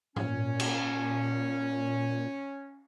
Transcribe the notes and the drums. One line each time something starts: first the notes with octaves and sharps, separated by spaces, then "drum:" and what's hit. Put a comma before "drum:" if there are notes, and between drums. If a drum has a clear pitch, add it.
A#2 C#4, drum: tom G#2
drum: cymbal